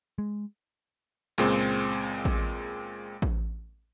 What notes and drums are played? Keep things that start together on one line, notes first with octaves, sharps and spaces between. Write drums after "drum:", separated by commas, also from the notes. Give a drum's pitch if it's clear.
G#3
C#2 A#2 G#3 C4, drum: cymbal
drum: kick A1
drum: kick A1